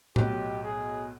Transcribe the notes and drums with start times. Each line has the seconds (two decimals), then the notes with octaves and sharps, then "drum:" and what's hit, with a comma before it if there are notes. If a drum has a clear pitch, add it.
0.16 B1 A2 F#3 G4, drum: tom A2
0.63 G#4